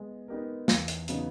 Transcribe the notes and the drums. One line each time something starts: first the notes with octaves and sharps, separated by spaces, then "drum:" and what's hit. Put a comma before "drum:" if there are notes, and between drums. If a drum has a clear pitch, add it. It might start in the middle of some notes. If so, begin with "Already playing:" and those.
Already playing: G#3 B3
B3 D#4 G4 A#4
E2, drum: snare
drum: hi-hat
C#3 F#3 B3 D#4, drum: hi-hat